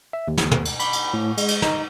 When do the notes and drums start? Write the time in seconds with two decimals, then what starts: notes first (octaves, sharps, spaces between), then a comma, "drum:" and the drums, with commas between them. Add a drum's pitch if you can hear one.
0.13 E5
0.28 D#2
0.37 drum: snare
0.51 drum: tom
0.65 drum: cymbal
0.80 B5, drum: cymbal
0.93 drum: cymbal
1.14 A2
1.37 G#3, drum: cymbal
1.48 drum: cymbal
1.62 D#4, drum: snare